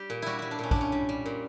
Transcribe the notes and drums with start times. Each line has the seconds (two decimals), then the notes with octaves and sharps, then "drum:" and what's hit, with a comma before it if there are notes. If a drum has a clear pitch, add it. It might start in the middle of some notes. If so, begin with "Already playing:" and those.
Already playing: G3 G4
0.10 A#2
0.22 G3 E4 F#4
0.39 G3 E4
0.51 D4
0.59 A#2 C#4
0.71 A#2 D4, drum: kick
0.81 C#4
0.92 G3
1.09 G3
1.26 A#2